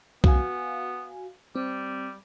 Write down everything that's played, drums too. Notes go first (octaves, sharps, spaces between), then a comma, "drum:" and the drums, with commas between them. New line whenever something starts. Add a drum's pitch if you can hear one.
B3 F#4 F5 G#5, drum: kick B1
G3 C4